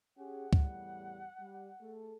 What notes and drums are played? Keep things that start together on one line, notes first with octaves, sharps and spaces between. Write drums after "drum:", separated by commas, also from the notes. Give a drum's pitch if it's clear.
C#4 G4 G#4 F#5
E2 A2 G3, drum: kick C#2
G3
A3 G#4 A4